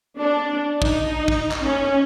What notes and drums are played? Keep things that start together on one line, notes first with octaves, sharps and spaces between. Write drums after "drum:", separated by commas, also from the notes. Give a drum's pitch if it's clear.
D4
D#4, drum: kick
drum: kick
drum: clap
C#4